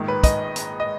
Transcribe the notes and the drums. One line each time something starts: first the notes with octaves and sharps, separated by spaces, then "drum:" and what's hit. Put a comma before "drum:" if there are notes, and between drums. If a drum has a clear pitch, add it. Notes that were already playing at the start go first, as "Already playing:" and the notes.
Already playing: A#1 G#2 D#3
B4
D#5, drum: kick, hi-hat
drum: hi-hat
D#5